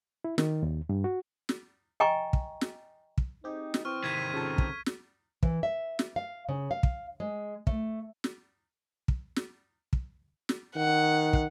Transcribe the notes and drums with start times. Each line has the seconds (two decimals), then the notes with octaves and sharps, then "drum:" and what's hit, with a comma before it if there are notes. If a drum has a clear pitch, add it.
0.24 E4
0.38 D#3, drum: snare
0.63 D#2
0.89 G2
1.04 F#4
1.49 drum: snare
2.00 D#5 G5 G#5 A#5 C#6
2.33 drum: kick
2.61 drum: snare
3.18 drum: kick
3.44 C4 D#4 G4 G#4
3.74 drum: snare
3.85 E3 C4 C#6 F6
4.04 C3 D#3 G#6 B6 D#7
4.33 C#3 F3 A4
4.58 drum: kick
4.86 drum: snare
5.43 E3, drum: kick
5.63 E5
5.99 drum: snare
6.16 F5
6.49 C#3
6.71 F5
6.83 drum: kick
7.20 G#3
7.67 A3, drum: kick
8.24 drum: snare
9.08 drum: kick
9.36 drum: snare
9.93 drum: kick
10.49 drum: snare
10.76 D#3 F#5
11.33 drum: kick